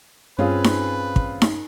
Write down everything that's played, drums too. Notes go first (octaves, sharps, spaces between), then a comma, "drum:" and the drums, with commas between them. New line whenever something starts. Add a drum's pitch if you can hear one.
G2 C4 C#4 F4 G#4 B4
drum: snare D#4
drum: kick
drum: snare D#4